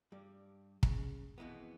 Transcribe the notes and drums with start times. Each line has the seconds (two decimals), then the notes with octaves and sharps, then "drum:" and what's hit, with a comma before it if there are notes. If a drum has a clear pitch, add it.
0.12 G2 G3
0.83 C#3, drum: kick
1.38 F2 B2 E3 G#3 B3